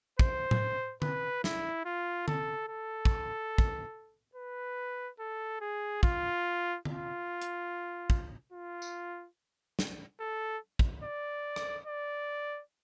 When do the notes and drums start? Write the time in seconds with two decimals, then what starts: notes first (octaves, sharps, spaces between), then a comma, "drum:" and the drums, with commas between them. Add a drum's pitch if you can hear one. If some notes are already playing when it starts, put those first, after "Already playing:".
0.19 C5, drum: kick
0.51 drum: tom A2
1.02 B4, drum: tom D3
1.44 E4, drum: snare
1.85 F4
2.28 A4, drum: tom D3
2.68 A4
3.05 drum: kick
3.58 drum: kick
4.35 B4
5.20 A4
5.61 G#4
6.03 F4, drum: kick
6.85 F4, drum: tom D3
7.41 drum: hi-hat
8.10 drum: kick
8.52 F4
8.82 drum: tambourine
9.79 drum: snare
10.20 A4
10.79 drum: kick
11.03 D5
11.56 drum: rim click
11.87 D5